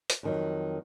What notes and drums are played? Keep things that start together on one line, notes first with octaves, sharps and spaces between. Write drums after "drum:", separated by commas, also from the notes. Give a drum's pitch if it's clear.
drum: hi-hat
F2 D#3 F#3